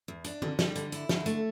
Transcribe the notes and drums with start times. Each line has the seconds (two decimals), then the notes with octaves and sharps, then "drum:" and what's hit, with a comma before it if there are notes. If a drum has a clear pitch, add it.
0.08 E2
0.24 D4, drum: hi-hat
0.42 D3, drum: tom
0.59 G3, drum: snare
0.76 D3, drum: hi-hat
0.92 E4, drum: hi-hat
1.09 D3, drum: snare
1.26 A3, drum: hi-hat